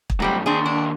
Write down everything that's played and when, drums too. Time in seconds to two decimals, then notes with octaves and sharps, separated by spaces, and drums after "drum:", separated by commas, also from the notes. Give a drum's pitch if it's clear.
0.10 drum: kick
0.20 F#2 F#3 G3 A3 C4
0.46 D#2 C4 D4 G#4 C6
0.66 D4